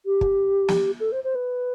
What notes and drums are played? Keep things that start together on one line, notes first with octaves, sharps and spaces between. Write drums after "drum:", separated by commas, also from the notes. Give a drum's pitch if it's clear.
G4
drum: kick
drum: snare
A4
C5
C5
B4